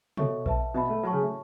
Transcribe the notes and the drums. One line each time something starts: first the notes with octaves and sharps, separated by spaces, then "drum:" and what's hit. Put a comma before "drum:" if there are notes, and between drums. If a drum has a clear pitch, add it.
B2 A4 C#5 E5 C#6, drum: tom
B4 E5 A5, drum: kick A#1
B2 B4 E5 B5
A3
F#3 F#4 C#5 A5 C#6
C#3
A2